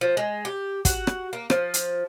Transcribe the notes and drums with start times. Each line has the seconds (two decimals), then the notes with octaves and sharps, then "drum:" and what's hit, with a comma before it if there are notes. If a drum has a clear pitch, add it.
0.01 F3
0.17 G#3
0.45 G4
0.85 F#4, drum: kick, hi-hat
1.07 drum: rim click
1.33 A#3
1.50 F3, drum: rim click
1.74 drum: hi-hat